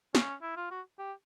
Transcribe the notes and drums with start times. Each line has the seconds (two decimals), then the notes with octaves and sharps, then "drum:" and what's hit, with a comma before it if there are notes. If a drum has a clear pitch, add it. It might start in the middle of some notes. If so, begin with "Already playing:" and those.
0.15 C#4, drum: snare
0.42 E4
0.56 F4
0.71 F#4
0.99 G4